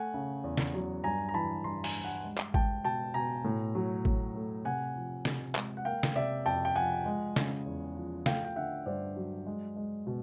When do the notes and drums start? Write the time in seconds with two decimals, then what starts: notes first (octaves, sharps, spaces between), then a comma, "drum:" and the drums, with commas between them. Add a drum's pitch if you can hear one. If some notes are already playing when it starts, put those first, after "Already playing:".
Already playing: A3 F#5 G#5
0.14 C#3
0.44 E2
0.57 drum: snare
0.74 F#3
1.04 G2 G#5 A#5
1.29 A#5
1.34 E3 A5 B5
1.64 G2 A#5 C6
1.84 G#5 A#5, drum: open hi-hat
1.94 G3
2.04 F#5 G#5
2.24 G#3
2.37 drum: clap
2.54 G#3 G5 A5, drum: kick G#1
2.84 B2 G5 A5
3.14 B2 G#5 A#5
3.45 A2
3.75 F#3
4.05 A2, drum: kick G#1
4.35 A3
4.65 C3 F#5 G#5
4.95 F3
5.25 C3, drum: snare
5.55 G#3, drum: clap
5.77 F#5
5.85 A#3 F5 G5
6.03 drum: snare
6.15 C3 D5 E5
6.46 F2 G5 A5
6.65 G5
6.75 F3 F#5 G#5
7.06 G#3
7.36 C#3, drum: snare
7.66 E2
7.96 F3
8.26 A3 F5 G5, drum: snare
8.45 G5
8.56 D3 E5 F#5
8.86 G2 C5 D5
9.16 F#3
9.47 G#3
9.76 G#3
10.07 B2